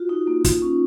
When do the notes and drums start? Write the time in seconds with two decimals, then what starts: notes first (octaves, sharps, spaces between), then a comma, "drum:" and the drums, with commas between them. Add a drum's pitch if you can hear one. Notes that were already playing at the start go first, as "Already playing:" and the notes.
Already playing: F4 F#4
0.09 D#4
0.27 A#3
0.44 F4, drum: kick, hi-hat
0.62 C#4